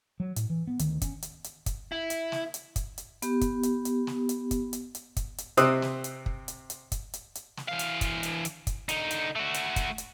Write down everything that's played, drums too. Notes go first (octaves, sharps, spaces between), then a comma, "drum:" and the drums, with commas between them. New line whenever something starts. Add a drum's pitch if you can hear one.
F#3
A2, drum: hi-hat
E3
B3
D2 D#3, drum: hi-hat
C#4, drum: kick, hi-hat
drum: hi-hat
drum: hi-hat
drum: kick, hi-hat
E4
drum: hi-hat
drum: snare
drum: hi-hat
drum: kick, hi-hat
drum: hi-hat
B3 G4, drum: hi-hat
drum: kick, hi-hat
drum: hi-hat
drum: hi-hat
drum: snare
drum: hi-hat
drum: kick, hi-hat
drum: hi-hat
drum: hi-hat
drum: kick, hi-hat
drum: hi-hat
C3 C4 D#6 E6 F#6, drum: hi-hat
drum: snare
drum: hi-hat
drum: kick
drum: hi-hat
drum: hi-hat
drum: kick, hi-hat
drum: hi-hat
drum: hi-hat
drum: snare
E3 F5
drum: hi-hat
drum: kick, hi-hat
drum: hi-hat
drum: hi-hat
drum: kick, hi-hat
D3 D#4, drum: hi-hat
drum: hi-hat
A3 F#4
drum: hi-hat
drum: kick, hi-hat
drum: hi-hat